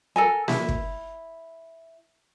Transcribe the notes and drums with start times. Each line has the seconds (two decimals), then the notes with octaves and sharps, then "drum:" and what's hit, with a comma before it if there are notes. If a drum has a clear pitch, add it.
0.16 A4 A#4 G#5
0.48 E4, drum: snare A#3
0.69 drum: kick